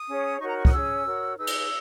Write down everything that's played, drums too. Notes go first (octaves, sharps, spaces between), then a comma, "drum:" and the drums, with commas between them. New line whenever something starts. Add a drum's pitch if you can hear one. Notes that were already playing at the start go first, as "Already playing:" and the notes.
Already playing: D#6
C#4 G#4 C#5
D#4 F#4 A#4 C#5 C#6
A#5
C#6
D#6, drum: kick C2
C#4 G#4 C#5 E6
F#4 A#4 C#5
D#4 G#4 B4 E6
drum: cymbal